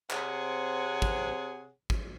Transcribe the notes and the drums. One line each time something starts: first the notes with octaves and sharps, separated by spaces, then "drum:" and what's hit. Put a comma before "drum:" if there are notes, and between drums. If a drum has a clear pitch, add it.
C3 C4 G#4 C#5 F#5, drum: clap
drum: kick
drum: kick